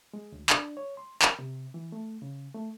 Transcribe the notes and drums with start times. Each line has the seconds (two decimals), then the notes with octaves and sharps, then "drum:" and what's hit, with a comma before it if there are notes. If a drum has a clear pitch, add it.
0.14 G#3
0.32 D2
0.50 D4, drum: clap
0.77 C#5
0.97 C6
1.22 A#4, drum: clap
1.39 C3
1.74 E3
1.92 A3
2.22 C#3
2.54 A3